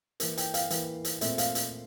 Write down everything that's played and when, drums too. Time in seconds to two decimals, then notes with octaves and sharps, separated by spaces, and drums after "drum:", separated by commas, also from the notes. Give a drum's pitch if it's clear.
0.20 E3 A#3, drum: hi-hat
0.37 G5, drum: hi-hat
0.54 F5, drum: hi-hat
0.70 E3 A#3, drum: hi-hat
1.05 drum: hi-hat
1.21 A#2 A3 C4 E5, drum: hi-hat
1.38 F5, drum: hi-hat
1.55 drum: hi-hat